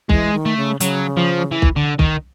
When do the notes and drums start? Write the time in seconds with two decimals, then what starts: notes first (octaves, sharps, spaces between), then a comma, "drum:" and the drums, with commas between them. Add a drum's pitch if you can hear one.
0.10 E3 G#3, drum: kick
0.34 D#3
0.46 A3
0.57 C#3
0.80 C#3 F#3, drum: hi-hat
1.17 F3
1.51 E3
1.62 drum: kick
1.76 D3
1.99 D#3, drum: kick